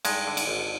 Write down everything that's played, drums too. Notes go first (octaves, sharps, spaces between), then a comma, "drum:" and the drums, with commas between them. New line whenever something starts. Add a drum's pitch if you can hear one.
G2 G#3, drum: cymbal
D3
drum: cymbal
G#1